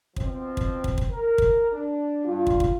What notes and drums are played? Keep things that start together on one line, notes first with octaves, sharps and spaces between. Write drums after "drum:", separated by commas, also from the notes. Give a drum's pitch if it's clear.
B2 F3 C4, drum: kick
drum: kick
drum: kick
drum: kick
A#4
drum: kick
D4
G2 F4
drum: kick
drum: kick